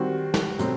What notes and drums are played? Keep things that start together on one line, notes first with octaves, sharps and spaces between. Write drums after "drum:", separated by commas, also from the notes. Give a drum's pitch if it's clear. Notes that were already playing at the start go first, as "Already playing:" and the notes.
Already playing: D#3 G3 C4 F#4
drum: snare
B2 F#3 A3 C4, drum: hi-hat